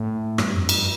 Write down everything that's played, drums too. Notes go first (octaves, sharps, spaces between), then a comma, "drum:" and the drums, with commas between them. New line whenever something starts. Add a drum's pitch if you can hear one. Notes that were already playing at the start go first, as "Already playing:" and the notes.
Already playing: A2
G2, drum: rim click
F2
G2, drum: cymbal